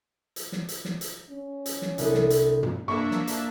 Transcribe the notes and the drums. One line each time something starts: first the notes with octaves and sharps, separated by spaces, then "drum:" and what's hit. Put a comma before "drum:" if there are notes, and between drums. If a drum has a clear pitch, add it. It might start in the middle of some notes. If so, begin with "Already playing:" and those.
drum: hi-hat
drum: snare
drum: hi-hat
drum: snare
drum: hi-hat
C#4
drum: hi-hat
drum: snare
C2 D4 A4, drum: hi-hat
drum: snare
drum: hi-hat
drum: tom
A#3 D4 E5 C#6
drum: snare
drum: hi-hat